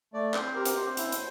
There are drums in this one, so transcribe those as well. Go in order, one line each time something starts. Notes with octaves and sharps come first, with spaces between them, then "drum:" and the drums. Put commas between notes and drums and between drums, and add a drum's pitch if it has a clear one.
A3 D5
C4 C5, drum: clap
G4 A#4
drum: hi-hat
C4 C5
E4, drum: hi-hat
drum: hi-hat